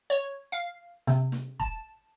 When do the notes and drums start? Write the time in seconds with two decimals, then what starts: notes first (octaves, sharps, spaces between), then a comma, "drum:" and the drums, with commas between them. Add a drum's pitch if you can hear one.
0.10 C#5
0.52 F5
1.07 C3, drum: snare
1.32 drum: snare
1.60 A5, drum: kick